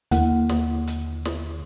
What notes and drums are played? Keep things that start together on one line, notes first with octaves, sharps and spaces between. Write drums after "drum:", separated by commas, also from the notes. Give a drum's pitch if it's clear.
D#2 D3 A#3 E4 F#5, drum: hi-hat
drum: snare
drum: hi-hat
drum: snare